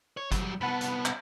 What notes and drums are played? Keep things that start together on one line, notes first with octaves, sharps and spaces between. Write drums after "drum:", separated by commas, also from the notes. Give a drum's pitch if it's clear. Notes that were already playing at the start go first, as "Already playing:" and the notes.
C#5
F#3 G3, drum: kick, hi-hat
C2 B3 F#5 A5 B5
drum: hi-hat
drum: clap